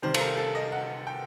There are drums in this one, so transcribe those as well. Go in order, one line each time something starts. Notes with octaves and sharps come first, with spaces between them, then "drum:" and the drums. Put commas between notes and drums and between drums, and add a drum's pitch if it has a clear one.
C3 D#3 G3 C5
A4, drum: cymbal
A#4
A4
D#5
F#5
G5